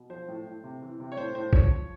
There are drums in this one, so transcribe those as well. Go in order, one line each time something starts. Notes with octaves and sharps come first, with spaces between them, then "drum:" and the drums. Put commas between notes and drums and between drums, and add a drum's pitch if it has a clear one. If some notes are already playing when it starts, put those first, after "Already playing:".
Already playing: B2
F3 C5
A2
A2
C3
E3
C3
C#5
A2 C5
A2 C5
F3 C#5, drum: kick
F3